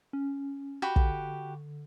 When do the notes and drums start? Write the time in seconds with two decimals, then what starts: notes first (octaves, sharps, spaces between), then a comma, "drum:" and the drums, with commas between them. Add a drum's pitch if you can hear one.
0.13 C#4
0.82 F#4 G4 B5
0.96 D3, drum: kick